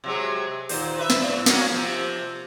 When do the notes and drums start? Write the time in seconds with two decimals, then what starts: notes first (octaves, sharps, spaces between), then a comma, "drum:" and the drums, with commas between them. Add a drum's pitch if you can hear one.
0.04 C3 F#3 G#3
0.69 D#2 A#2 C5, drum: open hi-hat
0.98 B4 E5
1.10 drum: snare
1.21 A2
1.46 A#3 C#4 F#4, drum: snare
1.69 C3 F3